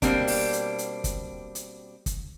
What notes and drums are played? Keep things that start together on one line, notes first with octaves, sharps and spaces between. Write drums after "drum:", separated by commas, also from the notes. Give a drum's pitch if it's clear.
B2 G3 A#3 C4 D4, drum: kick, hi-hat
drum: open hi-hat
drum: hi-hat
drum: hi-hat
drum: kick, hi-hat
drum: hi-hat
drum: kick, hi-hat